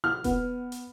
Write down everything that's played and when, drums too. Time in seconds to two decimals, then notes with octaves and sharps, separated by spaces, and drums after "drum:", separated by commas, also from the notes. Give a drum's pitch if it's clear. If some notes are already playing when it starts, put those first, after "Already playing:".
0.04 F6
0.24 B3, drum: kick E1, hi-hat
0.72 drum: hi-hat